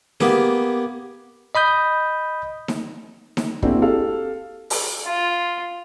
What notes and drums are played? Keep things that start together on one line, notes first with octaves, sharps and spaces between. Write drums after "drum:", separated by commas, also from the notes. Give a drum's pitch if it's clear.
A#3 B3 G4 G#4, drum: snare D#4
D#5 B5 D#6 G6
drum: snare D#4
drum: snare D#4
A#3 C4 D4 E4 F#4 G#4, drum: kick
G4 A4 F5
drum: open hi-hat
F4